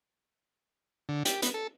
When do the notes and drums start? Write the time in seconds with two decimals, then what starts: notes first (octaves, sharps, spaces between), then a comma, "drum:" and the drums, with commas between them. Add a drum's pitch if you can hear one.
1.09 D3
1.25 G4, drum: hi-hat
1.42 B3, drum: hi-hat
1.54 A4